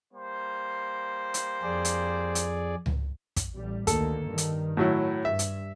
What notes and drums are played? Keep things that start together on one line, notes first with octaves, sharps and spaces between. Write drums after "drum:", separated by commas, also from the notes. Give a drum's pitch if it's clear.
G3 A#3 C5
drum: hi-hat
F2 G#4 D5
drum: hi-hat
drum: hi-hat
drum: tom C#2
drum: kick, hi-hat
A1 G3
D2 D#3 A#3 A4, drum: kick, hi-hat
G2 D#3
drum: hi-hat
A2 F#3 E4
G2 E5
drum: hi-hat